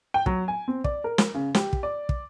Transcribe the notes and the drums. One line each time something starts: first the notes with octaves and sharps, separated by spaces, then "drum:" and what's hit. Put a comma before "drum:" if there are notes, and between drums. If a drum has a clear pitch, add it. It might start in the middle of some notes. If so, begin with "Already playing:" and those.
G5
F#3, drum: kick
G#5
C4
D5, drum: kick
A#4
drum: snare
C#3
G4, drum: snare
drum: kick
D5
drum: kick